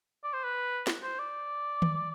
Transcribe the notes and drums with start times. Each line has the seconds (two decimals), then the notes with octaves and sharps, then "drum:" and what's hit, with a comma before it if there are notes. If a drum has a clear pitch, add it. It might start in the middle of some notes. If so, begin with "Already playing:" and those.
0.24 D5
0.33 C5
0.44 B4
0.87 drum: snare
1.03 C5
1.19 D5
1.82 drum: tom D#3